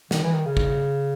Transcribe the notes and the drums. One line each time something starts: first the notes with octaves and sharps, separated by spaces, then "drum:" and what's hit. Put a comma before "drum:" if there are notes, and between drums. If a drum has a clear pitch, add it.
D#3, drum: snare
E3
D#3
C#3
drum: kick